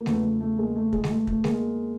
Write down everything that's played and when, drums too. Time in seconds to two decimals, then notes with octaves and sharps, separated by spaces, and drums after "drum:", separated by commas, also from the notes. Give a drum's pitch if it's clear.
0.01 A#3
0.06 E2 C#3 F3 A3 B3, drum: snare G#3
0.24 A3
0.41 A3
0.58 G#3 A#3
0.76 A3
0.93 G#3, drum: kick
1.04 G#3, drum: snare G#3
1.10 A3
1.27 A3, drum: kick
1.44 G#3 A#3, drum: snare G#3